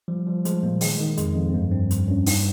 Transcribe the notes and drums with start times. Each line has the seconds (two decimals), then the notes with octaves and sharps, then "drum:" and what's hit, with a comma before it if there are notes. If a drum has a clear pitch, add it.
0.08 F3 G3
0.27 F3 G3
0.45 F3 G#3, drum: hi-hat
0.63 A#2 A#3
0.81 D#3 G#3, drum: open hi-hat
1.00 D#3
1.17 F2 G#3, drum: hi-hat
1.35 F2
1.49 C4
1.54 G2 A#3
1.72 G2 C4
1.91 G2, drum: hi-hat
2.08 G2 C#4
2.26 G2 D#4, drum: open hi-hat